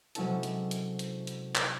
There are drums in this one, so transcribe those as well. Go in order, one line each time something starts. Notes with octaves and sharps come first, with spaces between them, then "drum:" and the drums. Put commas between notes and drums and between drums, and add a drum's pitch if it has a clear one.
C3 F#3 G#3 C#4 E4 A4, drum: hi-hat
drum: hi-hat
drum: hi-hat
drum: hi-hat
drum: hi-hat
drum: clap